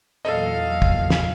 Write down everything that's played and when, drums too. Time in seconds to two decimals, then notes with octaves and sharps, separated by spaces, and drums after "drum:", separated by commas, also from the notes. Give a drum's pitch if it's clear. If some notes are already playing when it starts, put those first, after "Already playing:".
0.25 E2 A#2 F#3 A4 D#5 F5
0.82 drum: kick
1.10 drum: snare